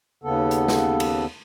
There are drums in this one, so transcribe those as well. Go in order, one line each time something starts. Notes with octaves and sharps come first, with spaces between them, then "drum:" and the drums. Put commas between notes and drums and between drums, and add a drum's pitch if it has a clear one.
D#2 C#3 B3 A4
drum: hi-hat
drum: snare
drum: cymbal